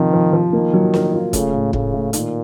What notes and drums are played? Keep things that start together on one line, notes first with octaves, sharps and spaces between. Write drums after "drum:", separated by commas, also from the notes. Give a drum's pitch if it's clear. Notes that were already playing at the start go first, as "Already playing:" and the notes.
Already playing: C3 D#3 F3
F3
F3
D#3 A#3
F#3
A#4, drum: snare
F4
C#3 A3, drum: kick, hi-hat
A2
A2 C#3, drum: kick
A2
A#2 D#3, drum: hi-hat